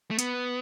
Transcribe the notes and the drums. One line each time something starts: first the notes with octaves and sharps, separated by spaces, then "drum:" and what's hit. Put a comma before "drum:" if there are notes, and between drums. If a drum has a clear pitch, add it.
A3
B3, drum: hi-hat